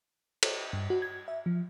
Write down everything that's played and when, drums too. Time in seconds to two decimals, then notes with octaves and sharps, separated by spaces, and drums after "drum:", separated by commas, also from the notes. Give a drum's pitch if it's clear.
0.43 drum: cymbal
0.73 G2
0.90 F#4
1.02 G#6
1.28 E5
1.46 F3